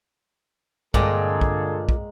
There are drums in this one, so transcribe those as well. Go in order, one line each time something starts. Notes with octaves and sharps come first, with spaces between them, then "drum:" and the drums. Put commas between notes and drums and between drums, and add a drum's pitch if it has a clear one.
G2 A#2 D3 G#3 A#3 C4 G#4 A4, drum: kick
drum: kick
drum: kick